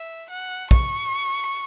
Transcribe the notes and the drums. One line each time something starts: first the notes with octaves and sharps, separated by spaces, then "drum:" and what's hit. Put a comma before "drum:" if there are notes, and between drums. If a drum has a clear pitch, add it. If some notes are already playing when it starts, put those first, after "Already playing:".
Already playing: E5
F#5
C#6, drum: kick